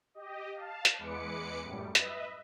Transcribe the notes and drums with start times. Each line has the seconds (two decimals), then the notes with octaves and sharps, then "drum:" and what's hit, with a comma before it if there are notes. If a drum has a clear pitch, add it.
0.14 G4 D#5
0.55 F5 A5
0.85 drum: hi-hat
0.98 E2 G#3 B4 D6 C#7
1.62 F#2 A2 G3
1.95 B4 D#5 E5, drum: hi-hat